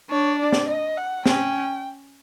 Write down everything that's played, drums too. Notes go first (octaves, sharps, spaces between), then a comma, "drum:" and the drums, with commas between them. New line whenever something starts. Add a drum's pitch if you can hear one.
D4 C#5
D5
drum: snare
D#5
F#5
C#4 G5, drum: snare